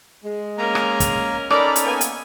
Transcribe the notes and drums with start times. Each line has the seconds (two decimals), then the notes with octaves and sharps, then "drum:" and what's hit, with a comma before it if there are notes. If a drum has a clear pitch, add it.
0.24 G#3
0.58 A#3 C#4 A#4 A#5
0.75 drum: rim click
1.00 drum: kick, hi-hat
1.50 C#4 D#4 A4 A#4 D5 A#5 B5, drum: rim click
1.76 drum: hi-hat
1.85 A#3 B3 G#5
2.01 drum: hi-hat